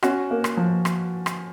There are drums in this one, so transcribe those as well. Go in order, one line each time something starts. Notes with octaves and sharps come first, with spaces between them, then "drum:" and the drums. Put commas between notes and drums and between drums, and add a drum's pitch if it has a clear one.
C#4 F#4, drum: rim click
A#3
drum: rim click
F3
drum: rim click
drum: rim click